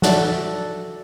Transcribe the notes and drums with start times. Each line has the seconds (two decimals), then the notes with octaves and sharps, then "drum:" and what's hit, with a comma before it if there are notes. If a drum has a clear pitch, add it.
0.02 F#4 A4 D5 E5, drum: snare